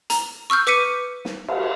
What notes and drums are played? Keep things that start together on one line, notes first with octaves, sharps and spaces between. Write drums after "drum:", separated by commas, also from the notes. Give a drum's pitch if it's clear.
A#5, drum: hi-hat
C#6 E6 F6 G6
B4 D6 B6 C#7 D#7
drum: snare
drum: cymbal